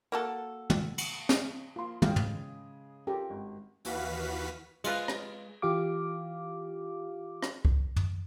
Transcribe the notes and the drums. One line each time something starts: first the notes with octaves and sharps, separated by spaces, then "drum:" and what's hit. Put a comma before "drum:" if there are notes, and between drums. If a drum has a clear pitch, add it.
A#3 F#4 A4
drum: tom
drum: cymbal
drum: snare
A#3 F4 C6
C#3 G#3 G#4 F5 G5, drum: tom
drum: tom
C#4 F4 G4 A4 A#4
G#1
D#2 E3 F#4 B4 F5 B6, drum: hi-hat
G#3 F4 B4 F5, drum: cymbal
drum: rim click
E3 F4 G4 F5 D6
drum: rim click
drum: kick C2
drum: tom